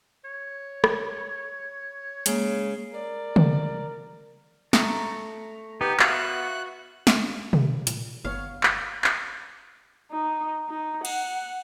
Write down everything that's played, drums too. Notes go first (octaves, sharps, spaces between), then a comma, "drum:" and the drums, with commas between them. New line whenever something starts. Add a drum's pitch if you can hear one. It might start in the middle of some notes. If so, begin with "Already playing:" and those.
C#5
drum: rim click
C#3 G#3 A#3, drum: hi-hat
A#4 D5
drum: tom
A3 A#5, drum: snare
B3 D#4 G4
B3 F#4 E5 F5 F#6, drum: clap
drum: snare
drum: tom
A#2, drum: hi-hat
G1 B3 C#5 F5
drum: clap
drum: clap
D#4
D#4
F#5, drum: cymbal